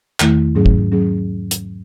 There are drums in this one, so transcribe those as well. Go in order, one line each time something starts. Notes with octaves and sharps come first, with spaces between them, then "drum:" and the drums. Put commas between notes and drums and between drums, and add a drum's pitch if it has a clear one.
E2 D#3 A3 E4, drum: clap
G#2 F#3 C#4 G#4
drum: kick
F#3 C#4 G#4
drum: hi-hat